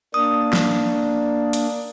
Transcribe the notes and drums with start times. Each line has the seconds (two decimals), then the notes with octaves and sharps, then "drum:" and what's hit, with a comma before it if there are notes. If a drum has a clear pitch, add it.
0.14 A#3 D4 D#6
0.53 drum: snare
1.53 drum: hi-hat